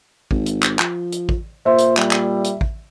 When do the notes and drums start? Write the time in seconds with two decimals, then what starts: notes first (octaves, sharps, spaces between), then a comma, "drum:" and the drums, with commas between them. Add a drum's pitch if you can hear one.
0.31 G#1, drum: kick
0.46 drum: hi-hat
0.63 drum: clap
0.79 F3, drum: clap
1.12 drum: hi-hat
1.29 drum: kick
1.66 A#2 C5 E5
1.78 drum: hi-hat
1.97 G3, drum: clap
2.11 drum: clap
2.44 drum: hi-hat
2.61 drum: kick